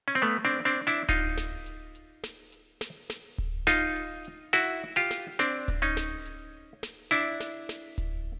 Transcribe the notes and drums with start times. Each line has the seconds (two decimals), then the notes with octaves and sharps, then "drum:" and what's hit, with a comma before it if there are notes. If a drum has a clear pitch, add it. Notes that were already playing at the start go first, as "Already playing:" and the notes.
0.08 C#4
0.15 C4
0.22 A3 B3, drum: hi-hat
0.45 C4 D4
0.65 C4 D4
0.87 D4 E4
1.09 D#4 F4, drum: kick D1, hi-hat
1.37 drum: snare
1.66 drum: hi-hat
1.95 drum: hi-hat
2.23 drum: snare
2.52 drum: hi-hat
2.81 drum: snare
3.10 drum: snare
3.38 drum: kick D1
3.67 D#4 F4, drum: snare
3.96 drum: hi-hat
4.24 drum: hi-hat
4.53 E4 F#4, drum: snare
4.96 F4 G4
5.11 drum: snare
5.39 C4 D4, drum: snare
5.68 drum: kick D1, hi-hat
5.82 C#4 D#4
5.97 drum: snare
6.25 drum: hi-hat
6.83 drum: snare
7.11 D4 E4, drum: hi-hat
7.40 drum: snare
7.69 drum: snare
7.98 drum: kick D1, hi-hat